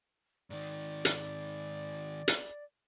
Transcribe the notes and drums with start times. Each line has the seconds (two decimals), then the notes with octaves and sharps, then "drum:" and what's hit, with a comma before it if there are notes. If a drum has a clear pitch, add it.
0.50 G#2 D#3 D5
1.05 drum: hi-hat
2.28 drum: hi-hat